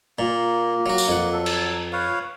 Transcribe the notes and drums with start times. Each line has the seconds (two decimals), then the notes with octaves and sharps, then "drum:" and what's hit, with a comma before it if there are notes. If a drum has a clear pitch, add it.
0.19 A#2 A#3
0.86 F#3 F#4
0.98 drum: tambourine
1.08 F2 F#5
1.33 F#3 A4
1.46 drum: cymbal
1.93 B4 C#5 F5